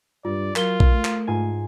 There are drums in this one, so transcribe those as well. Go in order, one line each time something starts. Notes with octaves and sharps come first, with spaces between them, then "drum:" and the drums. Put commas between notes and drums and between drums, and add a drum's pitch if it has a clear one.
G2 F4 D5
F#3 F4 A#4 G7, drum: clap
drum: kick A#1
A3
drum: clap
G#2 F4 G#5